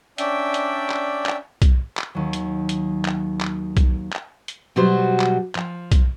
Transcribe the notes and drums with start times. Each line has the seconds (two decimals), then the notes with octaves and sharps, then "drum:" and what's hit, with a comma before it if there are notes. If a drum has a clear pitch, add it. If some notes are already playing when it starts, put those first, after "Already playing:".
0.18 C#4 D4 D5 E5 G5 D6, drum: hi-hat
0.54 drum: hi-hat
0.90 drum: clap
1.26 drum: clap
1.62 drum: kick B1, hi-hat
1.97 drum: clap
2.15 D#2 F#3
2.33 drum: hi-hat
2.69 drum: hi-hat
3.05 drum: clap
3.41 drum: clap
3.77 drum: kick B1, hi-hat
4.12 drum: clap
4.48 drum: hi-hat
4.76 B2 F#3 G3 F#4 C5
5.20 drum: clap
5.55 F3, drum: clap
5.92 drum: kick B1, hi-hat